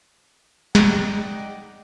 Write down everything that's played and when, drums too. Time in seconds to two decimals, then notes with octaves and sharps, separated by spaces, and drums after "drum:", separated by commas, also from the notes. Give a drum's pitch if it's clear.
0.75 D#4 D5 D#5 F#5 G5, drum: snare